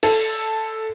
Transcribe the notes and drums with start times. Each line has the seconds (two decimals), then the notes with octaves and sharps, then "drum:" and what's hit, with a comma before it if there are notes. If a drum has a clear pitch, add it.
0.03 A4, drum: cymbal